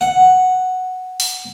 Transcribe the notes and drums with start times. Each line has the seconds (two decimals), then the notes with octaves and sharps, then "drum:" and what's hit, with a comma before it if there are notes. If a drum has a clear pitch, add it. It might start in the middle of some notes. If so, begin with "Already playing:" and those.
0.01 F#5
1.20 drum: open hi-hat